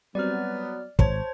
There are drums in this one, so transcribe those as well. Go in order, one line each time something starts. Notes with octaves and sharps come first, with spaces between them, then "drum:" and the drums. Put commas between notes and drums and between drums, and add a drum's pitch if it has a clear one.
F#3 G3 B3 C4 D5 F6
G#1 C5 C#5 A5 G#6, drum: kick